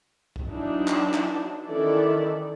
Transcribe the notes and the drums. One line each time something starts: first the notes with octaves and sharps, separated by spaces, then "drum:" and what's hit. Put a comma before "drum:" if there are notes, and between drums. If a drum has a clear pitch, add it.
drum: kick
E3 F#3 D4 D#4
drum: clap
drum: clap
D#3 E3 C#4 E4 A4 D5